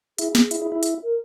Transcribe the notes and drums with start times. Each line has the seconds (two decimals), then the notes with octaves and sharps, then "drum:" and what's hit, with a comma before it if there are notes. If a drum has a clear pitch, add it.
0.18 E4 G#4, drum: hi-hat
0.35 drum: snare
0.51 E4, drum: hi-hat
0.62 E4
0.72 E4
0.83 drum: hi-hat
1.03 A#4